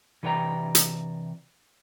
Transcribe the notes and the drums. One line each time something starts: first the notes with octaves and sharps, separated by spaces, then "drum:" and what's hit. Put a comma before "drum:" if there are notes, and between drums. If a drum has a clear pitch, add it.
C3 E3 B4 D5 G5 A#5
drum: hi-hat